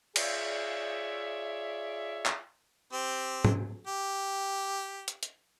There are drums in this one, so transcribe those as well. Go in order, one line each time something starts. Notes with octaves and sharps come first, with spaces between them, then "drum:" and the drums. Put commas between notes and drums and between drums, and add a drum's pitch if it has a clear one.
F4 G#4 C#5 D5 E5, drum: cymbal
drum: clap
C4 G4
drum: tom
G4
drum: hi-hat
drum: hi-hat